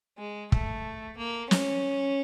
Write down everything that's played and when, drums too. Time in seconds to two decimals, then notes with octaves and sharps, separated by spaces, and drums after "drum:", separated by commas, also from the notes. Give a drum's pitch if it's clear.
0.18 G#3
0.52 A3, drum: kick
1.18 A#3
1.51 C#4, drum: snare